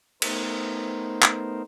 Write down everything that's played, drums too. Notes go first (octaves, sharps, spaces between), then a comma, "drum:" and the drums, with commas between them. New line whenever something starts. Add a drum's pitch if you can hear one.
A3 B3 D#4 A#4 C5, drum: cymbal
drum: clap